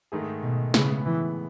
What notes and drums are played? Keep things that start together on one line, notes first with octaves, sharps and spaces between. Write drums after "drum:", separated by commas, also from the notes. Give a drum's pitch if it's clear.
G#2 D#3 A3 D#4 G#4
B2
A2 C#3 G#3 B3, drum: snare
E3